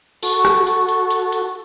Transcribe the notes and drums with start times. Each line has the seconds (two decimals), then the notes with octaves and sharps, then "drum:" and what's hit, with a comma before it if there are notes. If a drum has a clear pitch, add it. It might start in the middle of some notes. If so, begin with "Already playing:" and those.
0.23 F#4 A4 C#6, drum: open hi-hat
0.45 drum: rim click
0.67 drum: hi-hat
0.89 drum: hi-hat
1.11 drum: hi-hat
1.32 drum: hi-hat